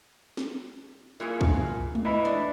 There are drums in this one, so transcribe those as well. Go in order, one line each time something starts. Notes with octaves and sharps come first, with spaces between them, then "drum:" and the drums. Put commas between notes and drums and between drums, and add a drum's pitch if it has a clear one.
drum: snare
A#2 E4 G#4
drum: kick
drum: tom G#3
E3 D#5 E5 B5
D4